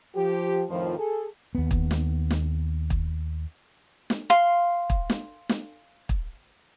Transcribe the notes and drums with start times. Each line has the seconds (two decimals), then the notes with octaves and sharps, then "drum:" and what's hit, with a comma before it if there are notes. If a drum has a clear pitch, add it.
0.15 F3 G4
0.69 F2 A2 D#3 F3
0.98 G#4 A4
1.55 D#2 B3
1.71 drum: kick
1.91 drum: snare
2.31 drum: snare
2.90 drum: kick
4.10 drum: snare
4.30 F5 C6
4.90 drum: kick
5.10 drum: snare
5.49 drum: snare
6.09 drum: kick